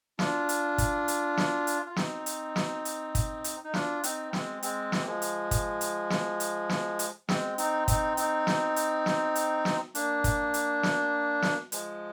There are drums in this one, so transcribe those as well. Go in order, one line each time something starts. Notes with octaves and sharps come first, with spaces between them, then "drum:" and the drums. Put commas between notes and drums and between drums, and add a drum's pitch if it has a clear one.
D4 F4, drum: snare
drum: hi-hat
drum: kick, hi-hat
drum: hi-hat
drum: snare
drum: hi-hat
F4
C4 D#4, drum: snare
drum: hi-hat
drum: snare
drum: hi-hat
drum: kick, hi-hat
drum: hi-hat
D#4
D4 F4, drum: snare
C4 D#4, drum: hi-hat
G#3 C4, drum: snare
G#3 C4, drum: hi-hat
drum: snare
A#3
F3 G#3
drum: hi-hat
drum: kick, hi-hat
drum: hi-hat
drum: snare
drum: hi-hat
drum: snare
drum: hi-hat
G#3 C4, drum: snare
C4 D#4, drum: hi-hat
C4 D#4, drum: kick, hi-hat
C4 D#4, drum: hi-hat
drum: snare
drum: hi-hat
drum: snare
drum: hi-hat
drum: snare
A#3 D4, drum: hi-hat
drum: kick, hi-hat
drum: hi-hat
drum: snare
drum: snare
F3 G#3, drum: hi-hat